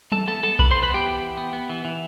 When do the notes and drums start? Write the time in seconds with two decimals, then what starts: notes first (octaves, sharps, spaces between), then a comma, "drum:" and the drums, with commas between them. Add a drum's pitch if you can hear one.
0.12 E3 A4 A5, drum: tom F#3
0.27 B3 A4 A5
0.43 B3 A4 A5
0.59 E3 B4 B5, drum: kick B1
0.71 C5 C6
0.75 E3
0.83 B4 B5
0.90 B3 G4 G5
1.06 E3
1.22 E3
1.37 B3
1.53 B3
1.69 E3
1.85 E3